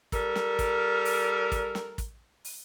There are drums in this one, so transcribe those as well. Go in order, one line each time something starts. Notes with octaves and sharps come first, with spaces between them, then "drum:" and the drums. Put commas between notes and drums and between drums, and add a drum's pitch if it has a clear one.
G3 A4 A#4, drum: kick, hi-hat
drum: snare
drum: kick, hi-hat
drum: open hi-hat
drum: kick, hi-hat
drum: snare
drum: kick, hi-hat
drum: open hi-hat